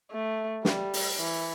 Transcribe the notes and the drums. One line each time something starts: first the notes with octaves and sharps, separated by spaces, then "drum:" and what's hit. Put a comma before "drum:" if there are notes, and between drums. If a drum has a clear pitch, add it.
A3
G3, drum: snare
drum: open hi-hat
E3